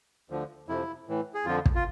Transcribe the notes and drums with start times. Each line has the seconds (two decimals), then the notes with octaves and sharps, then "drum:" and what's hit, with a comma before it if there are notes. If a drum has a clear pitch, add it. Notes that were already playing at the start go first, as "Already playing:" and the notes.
0.30 D2 D3 F3
0.68 F2 C3 F3 E4
1.07 A2 E3
1.34 G#4
1.45 F2 D3 F3 F4
1.66 drum: kick
1.75 F4